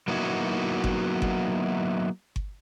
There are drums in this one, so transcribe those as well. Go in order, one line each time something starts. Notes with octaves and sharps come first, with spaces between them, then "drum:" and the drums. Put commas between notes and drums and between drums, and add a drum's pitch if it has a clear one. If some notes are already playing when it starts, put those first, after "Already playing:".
F#3 A#3 B3 D#4 E4 F#4
drum: kick G1
drum: kick G1
drum: kick G1